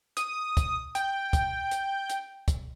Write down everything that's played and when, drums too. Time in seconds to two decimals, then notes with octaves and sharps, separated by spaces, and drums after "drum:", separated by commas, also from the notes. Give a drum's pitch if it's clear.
0.17 D#6, drum: hi-hat
0.57 drum: kick, hi-hat
0.95 G5, drum: hi-hat
1.33 drum: kick, hi-hat
1.71 drum: hi-hat
2.10 drum: hi-hat
2.48 drum: kick, hi-hat